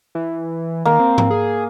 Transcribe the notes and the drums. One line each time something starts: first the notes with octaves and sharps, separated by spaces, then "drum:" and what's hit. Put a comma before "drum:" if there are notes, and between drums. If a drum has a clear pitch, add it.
E3
D#3 A#3
C4
drum: tom G#2
G#4